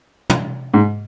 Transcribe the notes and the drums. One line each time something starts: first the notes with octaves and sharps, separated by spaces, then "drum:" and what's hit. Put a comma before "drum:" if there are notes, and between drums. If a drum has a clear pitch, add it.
drum: tom
G#2